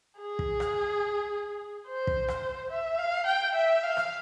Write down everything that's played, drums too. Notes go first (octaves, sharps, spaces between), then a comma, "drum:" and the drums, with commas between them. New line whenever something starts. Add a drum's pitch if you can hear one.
G#4
drum: kick
drum: rim click
C5
drum: kick
drum: rim click
E5
F5
G5
E5
F5
drum: rim click